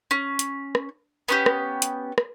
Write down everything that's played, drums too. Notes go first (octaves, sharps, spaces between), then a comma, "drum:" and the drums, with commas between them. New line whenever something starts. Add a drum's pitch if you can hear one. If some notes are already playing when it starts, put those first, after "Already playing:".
C#4
drum: hi-hat
drum: rim click
B3 C#4 G4
drum: rim click
drum: hi-hat
drum: rim click